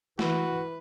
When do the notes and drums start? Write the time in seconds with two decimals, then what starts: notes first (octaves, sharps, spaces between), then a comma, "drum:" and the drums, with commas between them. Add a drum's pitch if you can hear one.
0.19 E3 E4 F#4 B4, drum: snare